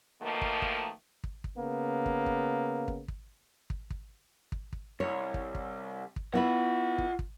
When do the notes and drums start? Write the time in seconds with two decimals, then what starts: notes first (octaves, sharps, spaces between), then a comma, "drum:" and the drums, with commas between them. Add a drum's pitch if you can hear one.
0.21 B2 D#3 F3 A3 A#3
0.41 drum: kick
0.62 drum: kick
1.24 drum: kick
1.44 drum: kick
1.58 C#3 A#3 B3
2.06 drum: kick
2.26 drum: kick
2.88 drum: kick
3.08 drum: kick
3.70 drum: kick
3.90 drum: kick
4.52 drum: kick
4.73 drum: kick
5.00 C2 C#5
5.34 drum: kick
5.55 drum: kick
6.16 drum: kick
6.34 B3 E4 F4 B4 F#5
6.98 drum: kick
7.19 drum: kick